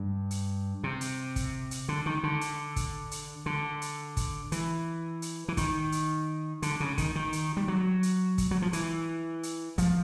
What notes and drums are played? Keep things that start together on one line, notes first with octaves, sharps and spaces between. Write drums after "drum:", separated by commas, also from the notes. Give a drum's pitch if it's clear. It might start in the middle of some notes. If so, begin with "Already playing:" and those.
Already playing: G2
drum: hi-hat
C3
drum: hi-hat
drum: kick, hi-hat
drum: hi-hat
D3
D#3
D3
drum: hi-hat
drum: kick, hi-hat
drum: hi-hat
D3
drum: hi-hat
drum: kick, hi-hat
E3, drum: hi-hat
drum: hi-hat
E3
D#3, drum: kick, hi-hat
drum: hi-hat
D3, drum: hi-hat
C#3
D#3, drum: kick, hi-hat
D#3
drum: hi-hat
G3
F#3
drum: hi-hat
drum: kick, hi-hat
F#3
F3
E3, drum: hi-hat
drum: hi-hat
F3, drum: kick, hi-hat